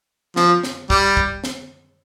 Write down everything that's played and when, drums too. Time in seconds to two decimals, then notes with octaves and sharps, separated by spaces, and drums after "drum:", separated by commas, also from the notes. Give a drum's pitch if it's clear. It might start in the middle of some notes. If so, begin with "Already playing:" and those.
0.36 F3, drum: snare
0.63 drum: snare
0.90 G3, drum: kick
1.17 drum: kick
1.44 drum: snare